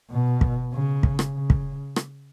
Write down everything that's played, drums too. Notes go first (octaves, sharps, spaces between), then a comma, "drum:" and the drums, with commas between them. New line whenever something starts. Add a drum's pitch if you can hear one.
B2
drum: kick
C#3
drum: kick
drum: rim click
C#3
drum: kick
drum: rim click